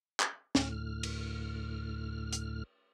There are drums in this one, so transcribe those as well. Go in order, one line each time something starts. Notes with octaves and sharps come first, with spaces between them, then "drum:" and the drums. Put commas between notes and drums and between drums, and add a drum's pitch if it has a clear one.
drum: clap
D2 A2 F6, drum: snare
drum: cymbal
drum: hi-hat